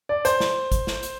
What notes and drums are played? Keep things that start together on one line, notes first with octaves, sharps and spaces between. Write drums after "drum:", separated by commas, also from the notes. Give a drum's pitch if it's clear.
D5
C5, drum: hi-hat
drum: snare
drum: kick, hi-hat
drum: snare
drum: hi-hat